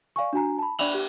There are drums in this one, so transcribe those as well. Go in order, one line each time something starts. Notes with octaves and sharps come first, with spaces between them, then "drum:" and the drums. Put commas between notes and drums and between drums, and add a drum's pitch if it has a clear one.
D5 F5 G#5 C#6
D4 F#4 G#5 A#5
A5 B5
D4 D5 B5 F7 F#7, drum: cymbal
G4